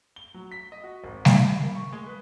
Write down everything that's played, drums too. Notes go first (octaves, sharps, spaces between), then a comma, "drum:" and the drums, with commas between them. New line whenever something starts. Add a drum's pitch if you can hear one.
G7
F#3
B6
D#5
F#4
G#1
A6, drum: snare G3
B5
A#3
C#6
G#3
B4